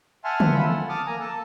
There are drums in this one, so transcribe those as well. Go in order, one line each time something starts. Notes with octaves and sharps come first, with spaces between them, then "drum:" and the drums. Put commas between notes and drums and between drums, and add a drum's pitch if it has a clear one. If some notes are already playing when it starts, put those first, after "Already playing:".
E5 F#5 G#5 A5 C6 F6
drum: tom
F4 A4 B5
F#5
A5 D6 D#6 F6
A#3 G#5 A#5
A4 A5